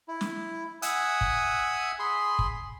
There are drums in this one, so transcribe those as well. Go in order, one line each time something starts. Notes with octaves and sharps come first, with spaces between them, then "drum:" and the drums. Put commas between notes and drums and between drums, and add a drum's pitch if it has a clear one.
E4
drum: snare
E5 F#5 G#5 D#6 E6 F#6, drum: hi-hat
drum: kick
G#4 B5 C6
drum: kick